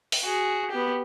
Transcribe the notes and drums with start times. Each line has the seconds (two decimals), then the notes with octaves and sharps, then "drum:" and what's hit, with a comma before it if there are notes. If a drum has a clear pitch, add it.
0.12 drum: open hi-hat
0.24 F#4 G#4
0.71 B3 G4